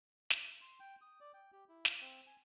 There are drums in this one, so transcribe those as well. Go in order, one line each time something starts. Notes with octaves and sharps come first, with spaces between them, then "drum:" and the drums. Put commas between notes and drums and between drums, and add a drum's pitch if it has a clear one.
drum: snare
C6
G5
D#6
D5
G5
G4
E4
F5, drum: snare
C4
G#5